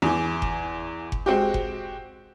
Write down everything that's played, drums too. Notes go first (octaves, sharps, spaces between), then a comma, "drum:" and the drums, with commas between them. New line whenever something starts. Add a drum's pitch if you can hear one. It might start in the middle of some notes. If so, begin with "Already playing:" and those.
E2 E3
drum: kick F#1
drum: kick F#1
G#3 C4 F#4 G4
drum: kick F#1